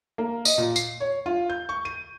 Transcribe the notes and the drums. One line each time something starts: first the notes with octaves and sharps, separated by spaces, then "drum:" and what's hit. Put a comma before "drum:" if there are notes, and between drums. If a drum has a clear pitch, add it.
A#3
D#5, drum: tambourine
A#2
C7, drum: tambourine
C#5
F4
G6
C#6
D#7